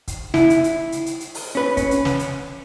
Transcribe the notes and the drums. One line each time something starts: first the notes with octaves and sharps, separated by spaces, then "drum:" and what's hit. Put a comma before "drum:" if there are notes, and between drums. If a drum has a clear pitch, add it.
drum: kick, hi-hat
E4, drum: snare
drum: hi-hat
drum: hi-hat
drum: hi-hat
drum: hi-hat
drum: hi-hat
drum: open hi-hat
C#4 B4
C#4, drum: kick, hi-hat
drum: hi-hat
drum: snare
drum: hi-hat